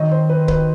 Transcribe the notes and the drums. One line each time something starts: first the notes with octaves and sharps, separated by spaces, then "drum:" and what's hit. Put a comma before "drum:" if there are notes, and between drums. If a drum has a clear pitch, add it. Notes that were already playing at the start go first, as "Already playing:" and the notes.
Already playing: D#3 F#3 C4 D#5
C5
B4
B4, drum: kick C#1